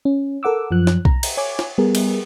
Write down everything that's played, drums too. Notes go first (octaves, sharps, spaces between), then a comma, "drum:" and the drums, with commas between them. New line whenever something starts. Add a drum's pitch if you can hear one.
C#4
A4 A#4 F#5 D6 E6
F#2 F3 F#6
drum: snare
A#5, drum: kick B1
drum: cymbal
C#5 G#5 D6
drum: snare
G3 B3 G#4 A#4
drum: cymbal